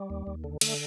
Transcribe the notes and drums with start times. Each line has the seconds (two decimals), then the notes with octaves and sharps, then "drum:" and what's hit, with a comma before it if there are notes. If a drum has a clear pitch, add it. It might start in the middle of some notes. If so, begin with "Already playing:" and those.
Already playing: G3
0.10 D#2
0.27 D#2
0.44 D3
0.61 D3 A3, drum: cymbal